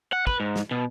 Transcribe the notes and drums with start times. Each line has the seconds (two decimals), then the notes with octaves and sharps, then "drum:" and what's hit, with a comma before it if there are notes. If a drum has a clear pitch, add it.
0.13 F#5
0.27 B4, drum: kick
0.40 G#2
0.56 drum: snare
0.71 B2